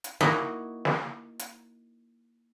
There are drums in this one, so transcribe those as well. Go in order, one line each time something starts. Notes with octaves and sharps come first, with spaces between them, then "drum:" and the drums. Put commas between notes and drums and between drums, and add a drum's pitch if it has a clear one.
drum: hi-hat
A#3 D#4 E4 F#4 D#5, drum: snare
drum: snare
drum: hi-hat